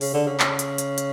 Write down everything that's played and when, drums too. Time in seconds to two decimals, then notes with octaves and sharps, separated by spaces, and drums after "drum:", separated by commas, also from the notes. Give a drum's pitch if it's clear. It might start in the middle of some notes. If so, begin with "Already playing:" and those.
0.01 C#3, drum: open hi-hat
0.14 D3
0.27 C#3
0.40 drum: clap
0.59 drum: hi-hat
0.78 drum: hi-hat
0.98 drum: hi-hat